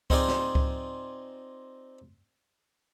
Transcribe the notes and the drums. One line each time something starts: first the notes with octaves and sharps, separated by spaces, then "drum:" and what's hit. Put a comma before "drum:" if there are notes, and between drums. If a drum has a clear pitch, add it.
C4 D#4 F4 G#4 C5 D5, drum: kick C#2
drum: snare
drum: kick C#2